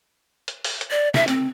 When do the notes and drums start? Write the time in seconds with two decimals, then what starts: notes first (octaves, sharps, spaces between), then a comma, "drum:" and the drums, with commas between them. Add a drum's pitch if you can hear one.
0.48 drum: hi-hat
0.64 drum: open hi-hat
0.81 drum: hi-hat
0.91 D5
1.14 E5, drum: snare
1.28 C4, drum: hi-hat